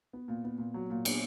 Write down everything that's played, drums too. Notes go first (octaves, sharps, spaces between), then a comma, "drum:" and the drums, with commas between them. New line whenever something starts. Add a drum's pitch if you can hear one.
B3
A#2
B3
A#2
F#3
A#2
B3, drum: cymbal